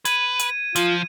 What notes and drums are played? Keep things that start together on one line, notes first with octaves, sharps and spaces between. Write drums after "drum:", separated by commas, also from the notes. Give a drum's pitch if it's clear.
B4 G#6 D#7, drum: hi-hat
drum: hi-hat
F3 F4, drum: hi-hat